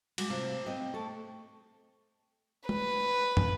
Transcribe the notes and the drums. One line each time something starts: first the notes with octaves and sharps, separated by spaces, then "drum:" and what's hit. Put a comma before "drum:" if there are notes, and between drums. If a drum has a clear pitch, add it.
G#3 F#4 D6, drum: cymbal
C3 A3 F4 C5
C4 D#5 G5
A3 A4 A5 C#6
B4, drum: tom
drum: tom